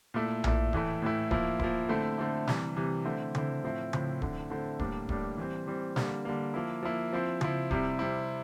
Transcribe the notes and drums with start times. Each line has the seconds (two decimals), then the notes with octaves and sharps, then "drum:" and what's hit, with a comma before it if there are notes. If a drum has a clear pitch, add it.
0.14 A#2 A3 E4
0.44 A#2 A3 E4, drum: tom A#1
0.73 A2 E3 A3 E4, drum: kick D1
1.02 A2 E3 A3 E4
1.31 F3 A#3 E4, drum: kick D1
1.59 F3 A#3 E4, drum: kick D1
1.89 D3 A3 C4 E4
2.18 D3 A3 C4 E4
2.47 C3 E3 G3, drum: snare
2.76 C3 E3 G3
3.05 D3 A3 C4 E4
3.35 D3 A3 C4 E4, drum: tom C#3
3.64 A2 F3 C4 E4
3.93 A2 F3 C4 E4, drum: tom C#3
4.22 D3 A3 C4 E4, drum: kick D1
4.50 D3 A3 C4 E4
4.79 A2 G3 A#3 D4, drum: kick D1
5.09 A2 G3 A#3 D4, drum: kick D1
5.37 E3 G3 C4
5.67 E3 G3 C4
5.96 D3 G3 A#3, drum: snare
6.25 D3 G3 A#3
6.54 F3 A#3 E4
6.83 F3 A#3 E4
7.13 F3 C4 E4
7.41 F3 C4 E4, drum: tom C#3
7.71 C3 G3 C4 E4, drum: kick D1
7.99 C3 G3 C4 E4